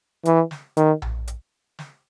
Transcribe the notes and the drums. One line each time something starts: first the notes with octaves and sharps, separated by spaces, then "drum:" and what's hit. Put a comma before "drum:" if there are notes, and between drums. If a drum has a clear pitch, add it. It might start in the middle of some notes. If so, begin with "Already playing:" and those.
E3, drum: hi-hat
drum: snare
D#3, drum: hi-hat
drum: tom A#1
drum: hi-hat
drum: snare